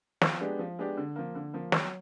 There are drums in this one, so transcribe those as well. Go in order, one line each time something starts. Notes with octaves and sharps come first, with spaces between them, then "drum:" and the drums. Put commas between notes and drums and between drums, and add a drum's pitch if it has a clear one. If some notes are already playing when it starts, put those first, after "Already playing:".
F3, drum: snare
G#3 B3 D4 G4
F3
G#3 B3 D4 G4
D3
F3 A#3
D3
F3 A#3
F#3, drum: snare